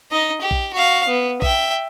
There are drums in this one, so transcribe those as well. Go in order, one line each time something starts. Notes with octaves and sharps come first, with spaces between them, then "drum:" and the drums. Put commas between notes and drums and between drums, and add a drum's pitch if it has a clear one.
D#4 D#5
G4
drum: kick
F#4 F5
B3
E5 G5, drum: kick